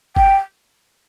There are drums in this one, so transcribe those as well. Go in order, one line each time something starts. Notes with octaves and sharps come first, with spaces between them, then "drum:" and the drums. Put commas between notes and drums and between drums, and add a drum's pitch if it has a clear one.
G5, drum: kick F#1